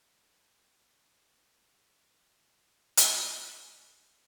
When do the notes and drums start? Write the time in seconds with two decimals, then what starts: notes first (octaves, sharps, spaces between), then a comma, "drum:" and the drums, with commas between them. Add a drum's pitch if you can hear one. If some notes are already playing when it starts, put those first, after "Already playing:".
0.18 E3 A3 C#4
1.49 B1 F2 A#2 G3 G4 D#5
2.97 drum: hi-hat
3.34 F#4
3.81 G#5